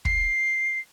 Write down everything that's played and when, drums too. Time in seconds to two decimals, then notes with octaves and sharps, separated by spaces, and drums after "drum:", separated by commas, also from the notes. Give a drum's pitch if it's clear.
0.05 C7, drum: kick